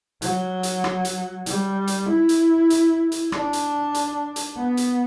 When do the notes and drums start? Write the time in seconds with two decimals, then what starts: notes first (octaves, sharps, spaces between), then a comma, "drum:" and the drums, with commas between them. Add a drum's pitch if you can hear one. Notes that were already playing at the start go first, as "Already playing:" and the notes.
0.22 F#3, drum: hi-hat
0.63 drum: hi-hat
0.84 drum: rim click
1.05 drum: hi-hat
1.46 G3, drum: hi-hat
1.87 drum: hi-hat
2.09 E4
2.29 drum: hi-hat
2.70 drum: hi-hat
3.12 drum: hi-hat
3.32 D4, drum: rim click
3.53 drum: hi-hat
3.94 drum: hi-hat
4.36 drum: hi-hat
4.57 B3
4.77 drum: hi-hat